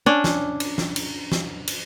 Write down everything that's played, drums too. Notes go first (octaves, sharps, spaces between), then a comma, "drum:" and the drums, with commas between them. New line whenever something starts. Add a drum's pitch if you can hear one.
C#4 D4
drum: snare
drum: cymbal
drum: snare
drum: cymbal
drum: snare
drum: cymbal